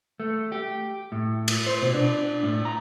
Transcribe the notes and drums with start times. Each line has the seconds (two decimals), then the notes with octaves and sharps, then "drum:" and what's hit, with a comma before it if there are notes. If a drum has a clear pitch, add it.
0.20 A3
0.52 G4
1.12 A2
1.48 drum: cymbal
1.66 C5
1.82 B2
1.94 D4
2.43 A2
2.65 A#5